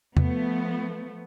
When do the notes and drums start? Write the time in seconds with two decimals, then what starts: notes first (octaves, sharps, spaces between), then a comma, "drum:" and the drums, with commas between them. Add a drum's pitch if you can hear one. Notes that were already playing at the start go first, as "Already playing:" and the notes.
0.17 F3 A3 B3, drum: tom